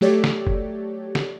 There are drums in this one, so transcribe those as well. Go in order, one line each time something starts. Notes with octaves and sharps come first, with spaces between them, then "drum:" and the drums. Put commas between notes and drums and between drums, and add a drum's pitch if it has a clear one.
F#3 A3 G4 A4 C#5 D5
drum: snare
drum: kick
drum: snare